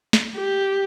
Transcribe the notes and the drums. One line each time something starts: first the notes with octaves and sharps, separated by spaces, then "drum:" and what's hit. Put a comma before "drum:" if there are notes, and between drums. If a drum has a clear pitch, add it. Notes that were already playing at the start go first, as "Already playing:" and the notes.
drum: snare
G4